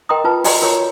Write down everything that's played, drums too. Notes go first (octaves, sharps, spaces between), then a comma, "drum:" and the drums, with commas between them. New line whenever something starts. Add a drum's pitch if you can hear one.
A#4 D#5 G5 A#5 C6 D#6
F4 B4 A5
F#4 D5 D#5 A#5 C6 C#6, drum: open hi-hat
F4 A#4 C#5 A#5 C#6